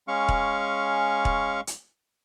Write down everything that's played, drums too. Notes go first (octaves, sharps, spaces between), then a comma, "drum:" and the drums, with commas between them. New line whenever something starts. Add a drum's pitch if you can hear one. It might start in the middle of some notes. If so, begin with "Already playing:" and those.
G#3 C#4 F5 C#6
drum: kick
drum: kick
drum: hi-hat